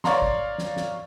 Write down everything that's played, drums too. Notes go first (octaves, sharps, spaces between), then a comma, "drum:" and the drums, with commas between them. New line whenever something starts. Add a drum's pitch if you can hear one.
C#5 D5 F5 A#5 C6, drum: snare
drum: kick
drum: snare
drum: snare